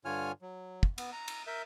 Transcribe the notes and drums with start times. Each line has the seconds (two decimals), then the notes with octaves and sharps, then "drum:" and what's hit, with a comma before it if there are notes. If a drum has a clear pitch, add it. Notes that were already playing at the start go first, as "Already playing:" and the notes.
0.05 G2 D3 F4 C#5 G#5 F6
0.42 F#3
0.83 drum: kick
0.98 B3, drum: cymbal
1.13 A#5
1.28 drum: cymbal
1.47 A#4 E5 G6